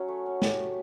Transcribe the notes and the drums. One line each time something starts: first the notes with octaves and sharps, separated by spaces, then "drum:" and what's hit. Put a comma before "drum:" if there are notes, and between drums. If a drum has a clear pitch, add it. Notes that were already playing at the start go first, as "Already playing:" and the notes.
Already playing: F#3 C#4
A3
C#4
F#3 G4, drum: snare
A3